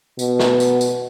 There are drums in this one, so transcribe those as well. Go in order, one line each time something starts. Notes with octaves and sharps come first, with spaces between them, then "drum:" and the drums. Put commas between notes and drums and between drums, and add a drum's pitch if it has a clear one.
B2, drum: tambourine
drum: snare
drum: tambourine
drum: tambourine